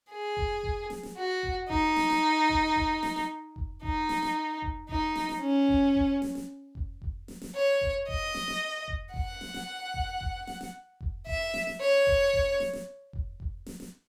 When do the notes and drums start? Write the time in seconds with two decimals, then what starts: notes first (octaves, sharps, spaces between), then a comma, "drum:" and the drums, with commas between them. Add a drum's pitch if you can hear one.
0.10 G#4
0.37 drum: kick F1
0.63 drum: kick F1
0.90 drum: snare
1.03 drum: snare
1.17 F#4
1.43 drum: kick F1
1.70 D#4, drum: kick F1
1.96 drum: snare
2.10 drum: snare
2.50 drum: kick F1
2.76 drum: kick F1
3.03 drum: snare
3.16 drum: snare
3.56 drum: kick F1
3.83 D#4, drum: kick F1
4.09 drum: snare
4.22 drum: snare
4.62 drum: kick F1
4.89 D#4, drum: kick F1
5.15 drum: snare
5.29 drum: snare
5.41 C#4
5.69 drum: kick F1
5.95 drum: kick F1
6.22 drum: snare
6.35 drum: snare
6.75 drum: kick F1
7.02 drum: kick F1
7.28 drum: snare
7.42 drum: snare
7.55 C#5
7.81 drum: kick F1
8.09 D#5, drum: kick F1
8.35 drum: snare
8.48 drum: snare
8.88 drum: kick F1
9.14 F#5, drum: kick F1
9.41 drum: snare
9.54 drum: snare
9.94 drum: kick F1
10.21 drum: kick F1
10.47 drum: snare
10.61 drum: snare
11.01 drum: kick F1
11.27 E5, drum: kick F1
11.54 drum: snare
11.67 drum: snare
11.80 C#5
12.07 drum: kick F1
12.33 drum: kick F1
12.60 drum: snare
12.73 drum: snare
13.13 drum: kick F1
13.40 drum: kick F1
13.66 drum: snare
13.80 drum: snare